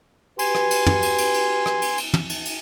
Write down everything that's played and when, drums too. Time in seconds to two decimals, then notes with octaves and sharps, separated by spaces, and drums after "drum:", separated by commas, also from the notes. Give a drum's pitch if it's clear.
0.39 F#4 G4 B4 G#5 C6, drum: cymbal
0.55 drum: rim click
0.71 drum: cymbal
0.86 drum: tom
1.02 drum: cymbal
1.18 drum: cymbal
1.34 drum: cymbal
1.66 drum: rim click
1.82 drum: cymbal
1.98 drum: cymbal
2.14 drum: tom
2.29 drum: cymbal
2.45 drum: cymbal